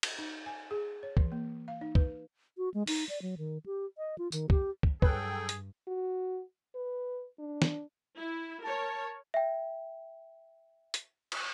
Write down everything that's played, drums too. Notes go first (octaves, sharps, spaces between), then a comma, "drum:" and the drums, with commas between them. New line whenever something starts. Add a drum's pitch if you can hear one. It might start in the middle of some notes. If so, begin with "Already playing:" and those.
drum: cymbal
D#4
G#5
G#4
C#5
E3, drum: kick
A#3
F5
D#4
B4, drum: kick
F#4
G#3
D#4, drum: open hi-hat
D5
F#3
D#3
G4
D#5
F4
D#3, drum: tambourine
G4, drum: kick
drum: kick
G2 F#3 G#4 A4 B4 G5 F#6, drum: kick
drum: hi-hat
F#4
B4
D4
drum: snare
E4
A#4 C#5 A5
E5 G5
drum: hi-hat
drum: cymbal